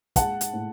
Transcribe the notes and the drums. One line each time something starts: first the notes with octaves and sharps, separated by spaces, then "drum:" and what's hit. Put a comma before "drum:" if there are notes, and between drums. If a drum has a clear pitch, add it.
G#3 F#5 A5, drum: kick, hi-hat
drum: hi-hat
A2